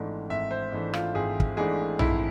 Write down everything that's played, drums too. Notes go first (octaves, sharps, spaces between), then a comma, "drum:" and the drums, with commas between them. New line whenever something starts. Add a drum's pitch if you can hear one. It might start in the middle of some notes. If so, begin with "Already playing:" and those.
Already playing: G#1 G#2 E3 A3 D4
G#1 E5
C5
G#2 E3 A3 D4
F4, drum: rim click
G#1 G#4
drum: kick
G#2 E3 A3 D4 G#4
G#1 E4, drum: tom A#1